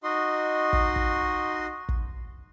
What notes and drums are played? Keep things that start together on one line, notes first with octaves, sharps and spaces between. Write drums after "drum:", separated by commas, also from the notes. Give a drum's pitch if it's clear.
D#4 F#4 D#5 C6
drum: kick
drum: kick
drum: kick